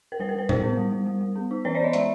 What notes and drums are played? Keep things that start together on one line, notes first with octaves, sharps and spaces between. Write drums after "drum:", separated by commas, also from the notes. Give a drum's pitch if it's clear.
A#4
G3 B4
A#4
G3 B4
D#4 A#4 C5, drum: tom A2
B3
G3
G3
G3
G3
B3
D#4
E3 B4 C#5
C5 D5
B3 C#5 D#5
G#3 D5 E5, drum: hi-hat